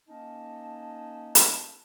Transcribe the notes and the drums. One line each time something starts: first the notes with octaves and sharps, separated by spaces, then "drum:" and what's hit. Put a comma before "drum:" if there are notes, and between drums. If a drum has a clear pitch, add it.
A#3 C#4 D#4 D#5 A5
drum: hi-hat